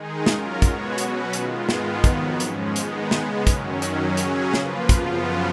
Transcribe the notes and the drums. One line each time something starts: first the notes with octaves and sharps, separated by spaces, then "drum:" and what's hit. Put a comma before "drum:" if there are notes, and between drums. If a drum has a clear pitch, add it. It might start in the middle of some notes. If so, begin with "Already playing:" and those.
Already playing: D#3 G#3 D#4 G#4
F#3 C#4 F4 A#4, drum: snare
B2 G#3 B3 F#4 C#5, drum: kick, hi-hat
B2 F#3 C#4 F#4 B4, drum: hi-hat
D#3 G#3 B3 F4, drum: hi-hat
G#2 D#3 G#3 B3 F4, drum: snare
F2 D#3 F#3 B3, drum: kick, hi-hat
G#2 F3 G#3 C#4, drum: hi-hat
D#3 G#3 B3 D#4, drum: hi-hat
C#3 G#3 B3, drum: snare
F#2 D#3 F#3 C#4, drum: kick, hi-hat
F#2 D#3 F#3 C#4, drum: hi-hat
C#3 F#3 C#4 G#4, drum: hi-hat
F3 A#3 F4 B4, drum: snare
F#2 C#3 F3 B3 F4, drum: kick, hi-hat